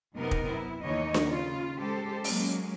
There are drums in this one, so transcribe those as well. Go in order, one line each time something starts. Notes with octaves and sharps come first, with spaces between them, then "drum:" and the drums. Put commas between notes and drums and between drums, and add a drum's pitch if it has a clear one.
F#2 C3 B3 D#4 A#4
drum: kick
E4
D#2 E3 A#3 D#4 C#5 D#5
drum: snare D4
C#3 F4
G#3 G4 A4 C5
F#3 G#3 A#3 C#4, drum: open hi-hat